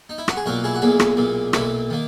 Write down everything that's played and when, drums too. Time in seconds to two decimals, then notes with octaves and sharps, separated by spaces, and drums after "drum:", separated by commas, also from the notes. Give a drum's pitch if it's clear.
0.09 D#4
0.18 E4
0.28 F#4, drum: rim click
0.37 G#4
0.46 B1 A#2 A#3 F#4 A#4
0.64 E4 G#4
0.74 F#4
0.82 B1 A#2 A#3 E4 G#4
1.00 drum: rim click
1.17 B1 A#2 A#3
1.53 B1 A#2 A#3 E4, drum: rim click
1.90 D#3 A#3